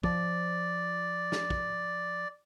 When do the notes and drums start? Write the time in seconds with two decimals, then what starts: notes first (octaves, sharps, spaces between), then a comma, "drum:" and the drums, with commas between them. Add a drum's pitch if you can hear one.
0.03 F3 D5, drum: kick
1.32 drum: snare
1.50 drum: kick